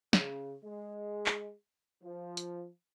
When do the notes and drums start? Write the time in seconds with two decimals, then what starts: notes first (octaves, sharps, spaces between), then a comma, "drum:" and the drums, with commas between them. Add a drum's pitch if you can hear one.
0.13 C#3, drum: snare
0.63 G#3
1.26 drum: clap
2.02 F3
2.37 drum: hi-hat